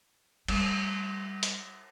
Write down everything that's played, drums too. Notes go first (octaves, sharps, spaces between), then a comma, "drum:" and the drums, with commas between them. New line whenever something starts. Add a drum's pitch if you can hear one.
G3 A3, drum: cymbal
drum: hi-hat